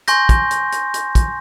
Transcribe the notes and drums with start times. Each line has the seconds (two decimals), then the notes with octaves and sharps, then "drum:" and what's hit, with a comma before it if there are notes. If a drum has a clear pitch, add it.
0.08 G#5 C6 C#6 G6 A#6, drum: hi-hat
0.29 drum: kick, hi-hat
0.51 drum: hi-hat
0.72 drum: hi-hat
0.94 drum: hi-hat
1.15 drum: kick, hi-hat